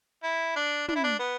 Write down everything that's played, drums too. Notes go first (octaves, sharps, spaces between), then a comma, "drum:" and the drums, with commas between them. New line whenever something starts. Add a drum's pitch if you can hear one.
E4
D4
D4, drum: tom
E4
D4
B3